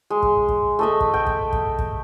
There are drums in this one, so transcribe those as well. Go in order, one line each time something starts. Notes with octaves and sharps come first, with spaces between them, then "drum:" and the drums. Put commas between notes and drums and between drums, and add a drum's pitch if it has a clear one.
G#3
drum: kick
drum: kick
A3 D#5 E5
drum: kick
G5
drum: kick
drum: kick
drum: kick